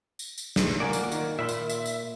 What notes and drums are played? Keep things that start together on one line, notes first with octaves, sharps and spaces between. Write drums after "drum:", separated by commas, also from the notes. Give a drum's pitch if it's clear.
drum: tambourine
drum: tambourine
drum: snare
A#3 F4 F#4 D5 G#5
drum: tambourine
D#3, drum: tambourine
A#2 E5 B5 C6
drum: tambourine
E5, drum: tambourine
drum: tambourine